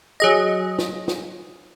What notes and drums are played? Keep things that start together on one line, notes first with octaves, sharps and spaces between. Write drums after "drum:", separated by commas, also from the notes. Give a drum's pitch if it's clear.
F#3 G#4 D#5
drum: snare
drum: snare